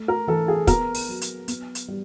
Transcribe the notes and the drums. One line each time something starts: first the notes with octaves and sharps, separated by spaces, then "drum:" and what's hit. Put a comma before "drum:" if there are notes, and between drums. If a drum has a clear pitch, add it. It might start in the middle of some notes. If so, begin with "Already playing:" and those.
Already playing: A3
A#4
E3 A4
G#4
B3 A#4, drum: kick, hi-hat
drum: open hi-hat
F#3
drum: hi-hat
B3, drum: hi-hat
drum: hi-hat
G3